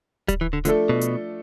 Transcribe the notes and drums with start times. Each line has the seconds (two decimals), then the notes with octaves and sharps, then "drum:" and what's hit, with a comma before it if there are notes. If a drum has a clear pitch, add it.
0.28 G3, drum: kick D1, hi-hat
0.41 E3
0.53 D3
0.65 D3 F3 A3 D4 A4, drum: hi-hat
0.89 B2
1.01 drum: hi-hat